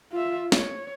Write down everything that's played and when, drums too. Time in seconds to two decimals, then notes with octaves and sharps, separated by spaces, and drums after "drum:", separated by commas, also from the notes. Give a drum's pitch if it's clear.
0.12 F4 E5
0.52 C#5, drum: snare